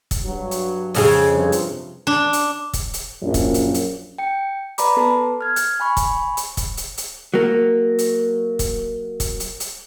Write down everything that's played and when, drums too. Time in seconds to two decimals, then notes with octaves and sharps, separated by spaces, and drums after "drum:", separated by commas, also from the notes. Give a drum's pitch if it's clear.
0.11 drum: kick, hi-hat
0.22 G2 F#3
0.51 drum: hi-hat
0.94 F2 C#3 G#4, drum: open hi-hat
1.32 G2 C3 F3
1.52 drum: hi-hat
2.07 D4
2.33 drum: hi-hat
2.74 drum: kick, hi-hat
2.94 drum: hi-hat
3.22 A#1 F#2
3.34 drum: kick, hi-hat
3.54 drum: hi-hat
3.75 drum: hi-hat
4.18 G5 C#7
4.78 B4 D5 A#5 B5 D6, drum: hi-hat
4.97 B3 A4 B4 A5
5.41 F6 G#6
5.56 drum: hi-hat
5.80 G#5 B5 C#6
5.97 drum: kick, hi-hat
6.37 drum: hi-hat
6.57 drum: kick, hi-hat
6.77 drum: hi-hat
6.98 drum: hi-hat
7.34 F#3 A#3
7.99 drum: hi-hat
8.59 drum: kick, hi-hat
9.20 drum: kick, hi-hat
9.40 drum: hi-hat
9.60 drum: hi-hat